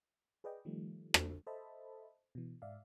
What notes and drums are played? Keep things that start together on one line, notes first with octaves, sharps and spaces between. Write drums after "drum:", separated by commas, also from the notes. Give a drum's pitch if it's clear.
G#4 B4 D5 D#5 G5
D#3 F3 G3 A3
drum: rim click
A4 C5 D#5 E5 A5 B5
B2 E3
G#2 D5 E5 F5